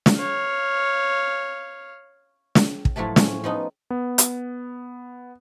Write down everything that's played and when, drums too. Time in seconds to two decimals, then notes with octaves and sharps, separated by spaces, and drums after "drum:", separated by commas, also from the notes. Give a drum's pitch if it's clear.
0.06 drum: snare
0.17 C#5 F5
2.55 drum: snare
2.85 drum: kick
2.96 A2 F3 F#3 A3 A5
3.16 C#4, drum: snare
3.44 F3 B3 D#4
3.90 B3
4.18 drum: hi-hat